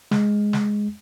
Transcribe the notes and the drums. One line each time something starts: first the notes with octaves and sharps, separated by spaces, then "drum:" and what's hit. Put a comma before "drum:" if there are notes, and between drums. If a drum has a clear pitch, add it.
G#3, drum: snare
drum: snare